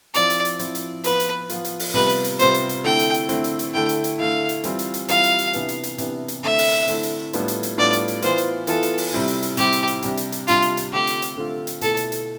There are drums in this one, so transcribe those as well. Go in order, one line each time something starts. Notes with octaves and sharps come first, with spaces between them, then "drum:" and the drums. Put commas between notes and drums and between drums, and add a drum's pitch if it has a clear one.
F3 C4 E4 D5, drum: hi-hat
drum: hi-hat
drum: hi-hat
F3 C4 E4, drum: hi-hat
drum: hi-hat
F3 B3 F4 B4, drum: hi-hat
drum: hi-hat
F3 B3 F4, drum: hi-hat
drum: hi-hat
drum: open hi-hat
C3 G3 B3 F4 B4
drum: hi-hat
drum: hi-hat
C3 G3 B3 F4 C5, drum: hi-hat
drum: hi-hat
drum: hi-hat
D3 A3 C4 E4 G5
drum: hi-hat
drum: hi-hat
D3 A3 C4 E4, drum: hi-hat
drum: hi-hat
drum: hi-hat
D3 A3 E4 G5
drum: hi-hat
drum: hi-hat
D3 A3 E4 F5
drum: hi-hat
E3 G3 C4 F4, drum: hi-hat
drum: hi-hat
drum: hi-hat
E3 G3 C4 F4 F5, drum: hi-hat
drum: hi-hat
drum: hi-hat
C3 E3 B3 D4, drum: hi-hat
drum: hi-hat
drum: hi-hat
C3 E3 B3 D4, drum: hi-hat
drum: hi-hat
D3 A3 C4 E4 E5
drum: open hi-hat
D3 A3 C4 E4, drum: hi-hat
drum: hi-hat
A2 G3 B3 D4 F4, drum: hi-hat
drum: hi-hat
drum: hi-hat
A2 G3 B3 D4 F4 D5
drum: hi-hat
drum: hi-hat
E3 B3 F4 C5, drum: hi-hat
drum: hi-hat
E3 B3 F4 A4, drum: hi-hat
drum: hi-hat
drum: open hi-hat
C3 G3 C4 E4
drum: hi-hat
drum: hi-hat
C3 G3 C4 E4 G4, drum: hi-hat
drum: hi-hat
drum: hi-hat
C3 G3 D4, drum: hi-hat
drum: hi-hat
drum: hi-hat
C3 G3 D4 F4, drum: hi-hat
drum: hi-hat
drum: hi-hat
D3 A3 C4 F4 G4
drum: hi-hat
drum: hi-hat
D3 A3 C4 F4
drum: hi-hat
B2 A3 E4 A4, drum: hi-hat
drum: hi-hat
drum: hi-hat